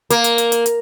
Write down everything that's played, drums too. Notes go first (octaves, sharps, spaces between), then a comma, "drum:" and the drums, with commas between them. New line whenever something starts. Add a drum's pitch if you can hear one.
A#3, drum: hi-hat
drum: hi-hat
drum: hi-hat
drum: hi-hat
drum: hi-hat